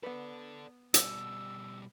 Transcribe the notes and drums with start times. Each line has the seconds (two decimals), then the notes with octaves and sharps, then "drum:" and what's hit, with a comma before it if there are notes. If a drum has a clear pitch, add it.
0.03 B3 A4 B4 D5
0.94 B2 G3 E6, drum: hi-hat